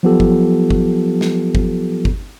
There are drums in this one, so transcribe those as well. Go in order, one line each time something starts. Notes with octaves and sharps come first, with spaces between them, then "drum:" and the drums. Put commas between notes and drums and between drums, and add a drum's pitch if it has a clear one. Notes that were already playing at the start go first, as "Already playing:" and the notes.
F3 F#3 B3 F4 G4 A4
drum: kick G1
drum: kick G1
drum: snare
drum: kick G1
drum: kick G1